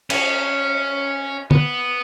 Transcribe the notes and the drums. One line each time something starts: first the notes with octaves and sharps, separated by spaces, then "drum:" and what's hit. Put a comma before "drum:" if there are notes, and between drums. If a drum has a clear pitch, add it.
C#4, drum: cymbal
B3, drum: tom